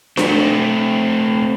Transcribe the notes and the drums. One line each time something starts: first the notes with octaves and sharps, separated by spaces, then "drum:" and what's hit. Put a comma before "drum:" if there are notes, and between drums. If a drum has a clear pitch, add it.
A3 C4, drum: snare D4